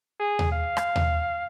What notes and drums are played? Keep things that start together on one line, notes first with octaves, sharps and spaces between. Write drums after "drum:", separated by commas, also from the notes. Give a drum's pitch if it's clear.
G#4
drum: tom D#2
F5
drum: rim click
drum: tom D#2